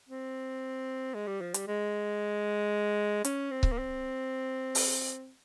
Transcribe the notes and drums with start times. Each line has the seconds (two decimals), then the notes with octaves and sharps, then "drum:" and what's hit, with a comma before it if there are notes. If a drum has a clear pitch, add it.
0.09 C4
1.14 G#3
1.27 G3
1.41 F3
1.54 G3, drum: hi-hat
1.68 G#3
3.25 C#4, drum: hi-hat
3.51 C4
3.63 drum: kick C#1
3.72 A#3
3.78 C4
4.75 drum: open hi-hat